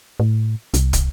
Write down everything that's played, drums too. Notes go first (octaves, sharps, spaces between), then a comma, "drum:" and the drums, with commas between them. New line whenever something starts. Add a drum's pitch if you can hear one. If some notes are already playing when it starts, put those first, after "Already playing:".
A2
C2, drum: hi-hat
drum: kick, hi-hat